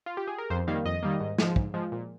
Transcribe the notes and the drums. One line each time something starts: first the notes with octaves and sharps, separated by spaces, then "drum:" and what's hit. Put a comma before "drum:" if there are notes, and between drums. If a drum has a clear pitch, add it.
F4
G4
G#4
A#4
F2 C5
D#3 G3 A#3 F5
F2 D#5
D#3 G3 A#3
G#2
F3 G#3, drum: snare
G#2, drum: kick
F3 G#3
A#2